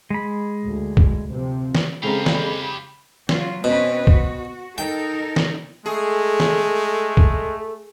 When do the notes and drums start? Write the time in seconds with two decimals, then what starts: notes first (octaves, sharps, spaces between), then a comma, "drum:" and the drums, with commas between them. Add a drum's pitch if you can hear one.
0.10 G#3 B5
0.65 D2
0.97 drum: kick
1.31 C3 F3 C4
1.75 drum: snare
2.03 C#3 G#3 C4 G4 A4 F5 A#5 B5
2.26 drum: snare
3.29 F#3 F4, drum: snare
3.64 B2 C4 C#4 B4
4.07 F#4, drum: kick
4.78 D#4 A4 A#4 G5
5.36 drum: snare
5.86 G#3 A3 G#4 A4
6.40 drum: snare
7.17 drum: kick